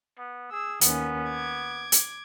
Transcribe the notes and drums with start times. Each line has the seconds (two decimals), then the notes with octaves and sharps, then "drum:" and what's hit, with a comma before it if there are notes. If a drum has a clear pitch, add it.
0.18 B3
0.52 G#4 E6
0.81 D#2 D#3 B3 C#4, drum: hi-hat
1.30 D6 G#6
1.92 drum: hi-hat